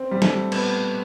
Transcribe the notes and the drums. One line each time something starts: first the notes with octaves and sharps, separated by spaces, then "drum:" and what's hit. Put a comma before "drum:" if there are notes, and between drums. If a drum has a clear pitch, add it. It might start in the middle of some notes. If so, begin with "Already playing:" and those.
Already playing: C4
G3
A3, drum: snare
B3, drum: cymbal